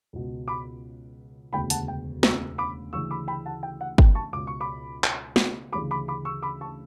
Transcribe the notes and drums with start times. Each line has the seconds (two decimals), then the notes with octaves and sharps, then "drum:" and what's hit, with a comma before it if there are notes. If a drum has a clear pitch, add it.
0.13 C#2 B2
0.48 B5 D6
1.53 E1 D2 C#3 G5 B5
1.70 F#5 A5, drum: hi-hat
1.88 G5
2.23 C#6 E6, drum: snare
2.58 B5 D6
2.93 D2 C#3 E3 C#6 E6
3.11 B5 D6
3.28 G5 B5
3.46 F#5 A5
3.63 G5
3.81 F#5
3.98 G5, drum: kick
4.15 A5 C#6
4.33 C#2 B2 D6
4.47 C#6
4.61 B5 D6
5.04 drum: clap
5.36 drum: snare
5.72 D2 C#3 E3 B5 D6
5.91 B5 D6
6.08 B5 D6
6.25 C#6 E6
6.43 B5 D6
6.61 A5 C#6